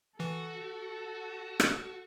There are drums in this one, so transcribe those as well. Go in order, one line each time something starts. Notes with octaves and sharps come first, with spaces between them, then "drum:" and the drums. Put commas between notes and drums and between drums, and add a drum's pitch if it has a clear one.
E3 F#4 A4
drum: rim click